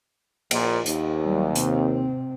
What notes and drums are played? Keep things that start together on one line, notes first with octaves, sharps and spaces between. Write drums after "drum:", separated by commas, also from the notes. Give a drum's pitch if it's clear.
A#1 A#2, drum: cymbal
D#2, drum: hi-hat
F#3 G3
C3 C4, drum: hi-hat